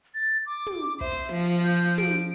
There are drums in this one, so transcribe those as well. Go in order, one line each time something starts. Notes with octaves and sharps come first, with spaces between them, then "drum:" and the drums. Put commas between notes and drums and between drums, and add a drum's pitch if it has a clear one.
A6
D6
drum: tom
C5 E5, drum: kick
F3
G6
D7, drum: tom